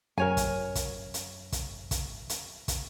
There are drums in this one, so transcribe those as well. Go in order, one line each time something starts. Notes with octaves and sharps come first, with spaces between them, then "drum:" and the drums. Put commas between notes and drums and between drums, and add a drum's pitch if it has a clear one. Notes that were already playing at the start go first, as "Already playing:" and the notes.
F#2 A#4 C#5 G#5
drum: kick, hi-hat
drum: kick, hi-hat
drum: hi-hat
drum: kick, hi-hat
drum: kick, hi-hat
drum: hi-hat
drum: kick, hi-hat